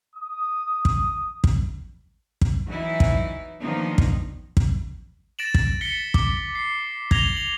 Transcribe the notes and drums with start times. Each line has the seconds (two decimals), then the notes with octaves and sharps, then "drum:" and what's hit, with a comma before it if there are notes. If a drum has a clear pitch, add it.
0.16 D#6
0.85 drum: kick
1.44 drum: kick
2.41 drum: kick
2.67 E3 F#3 D#4 E4
3.00 drum: kick
3.60 D#3 F3 A#3 B3 D4 D#4
3.98 drum: kick
4.57 drum: kick
5.39 A6 A#6 D7 E7 F#7
5.54 drum: kick
5.81 A6 B6 C#7 G7
6.14 D6, drum: kick
6.55 C7
7.11 G#6 A#6 F7 G7, drum: kick
7.37 F#7